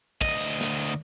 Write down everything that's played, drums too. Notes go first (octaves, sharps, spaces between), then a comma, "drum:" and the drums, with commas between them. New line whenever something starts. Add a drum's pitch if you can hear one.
D2 D#5, drum: kick, hi-hat
drum: hi-hat
drum: snare
drum: hi-hat